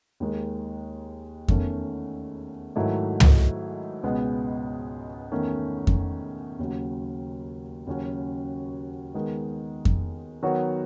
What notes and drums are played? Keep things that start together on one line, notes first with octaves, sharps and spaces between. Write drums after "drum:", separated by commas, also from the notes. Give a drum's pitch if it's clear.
D#2 D#3 G#3
E2 D#3 A3 C#4, drum: kick F2
G#2 D#3 F#3 A3 E4
drum: tom
C#2 B2 G#3 B3
E2 D#3 A3 C#4
drum: kick F2
D#2 C#3 F#3
D#2 C#3 F#3 C#4 F#4
D#3 G#3 B3
drum: kick F2
D#3 F#3 B3 F#4 C#5